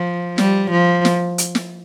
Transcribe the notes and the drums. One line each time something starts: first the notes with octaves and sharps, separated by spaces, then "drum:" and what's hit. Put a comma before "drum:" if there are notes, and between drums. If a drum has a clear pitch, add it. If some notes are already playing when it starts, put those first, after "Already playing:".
Already playing: F3
G3, drum: snare
F3
drum: snare
drum: hi-hat
drum: snare